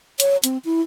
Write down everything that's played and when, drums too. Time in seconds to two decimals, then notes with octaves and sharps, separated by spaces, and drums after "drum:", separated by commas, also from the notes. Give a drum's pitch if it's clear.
0.20 C#5, drum: hi-hat
0.44 C4, drum: hi-hat
0.65 E4